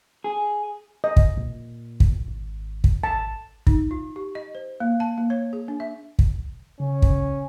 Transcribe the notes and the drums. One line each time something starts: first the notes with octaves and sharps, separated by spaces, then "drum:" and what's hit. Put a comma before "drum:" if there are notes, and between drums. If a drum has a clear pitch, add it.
G#4
D#5
drum: kick
A#2
drum: kick
G#1
drum: kick
A5
D#4, drum: kick
F4
G4
D#5
C5
A#3
A5
A#3
C#5
G#4
D4
E5
drum: kick
C#3 C#4
drum: kick